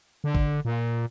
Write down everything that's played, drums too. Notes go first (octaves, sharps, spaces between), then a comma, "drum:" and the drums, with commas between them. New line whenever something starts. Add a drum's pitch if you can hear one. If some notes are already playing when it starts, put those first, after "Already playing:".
D3
drum: kick
A#2